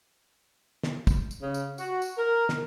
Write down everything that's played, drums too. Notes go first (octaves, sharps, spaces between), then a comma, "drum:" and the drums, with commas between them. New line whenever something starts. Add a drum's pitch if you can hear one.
drum: snare
drum: kick, tambourine
drum: tambourine
C#3
drum: tambourine
F#4, drum: tambourine
drum: tambourine
A#4
drum: snare